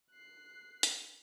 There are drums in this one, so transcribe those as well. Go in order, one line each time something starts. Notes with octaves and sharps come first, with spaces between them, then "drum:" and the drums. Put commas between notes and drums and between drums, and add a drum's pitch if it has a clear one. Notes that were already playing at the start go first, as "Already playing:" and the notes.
F#6 C7
drum: hi-hat